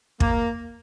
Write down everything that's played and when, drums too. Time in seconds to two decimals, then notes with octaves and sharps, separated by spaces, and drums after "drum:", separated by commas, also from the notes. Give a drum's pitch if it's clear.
0.20 A#3, drum: kick